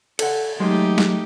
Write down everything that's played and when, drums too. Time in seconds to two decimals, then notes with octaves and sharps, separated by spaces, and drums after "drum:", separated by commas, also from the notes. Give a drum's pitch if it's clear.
0.19 A4 F#5, drum: cymbal
0.60 F#3 G#3 A3 D#4 G4 C6
0.98 drum: snare